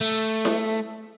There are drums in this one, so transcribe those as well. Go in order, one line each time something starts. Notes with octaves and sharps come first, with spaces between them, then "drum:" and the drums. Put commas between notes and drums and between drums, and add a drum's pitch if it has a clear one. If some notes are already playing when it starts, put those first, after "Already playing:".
A3
drum: snare E4